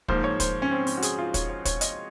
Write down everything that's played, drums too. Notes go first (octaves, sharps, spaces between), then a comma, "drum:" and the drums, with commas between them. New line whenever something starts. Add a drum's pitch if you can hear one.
G#2 F3 A#3 C5, drum: kick
C#5
C5, drum: kick, hi-hat
C#4
C4
C#4, drum: open hi-hat
F#4
G#4, drum: hi-hat
F4
C#5, drum: kick, hi-hat
C#5
C#5, drum: kick, hi-hat
D#5, drum: hi-hat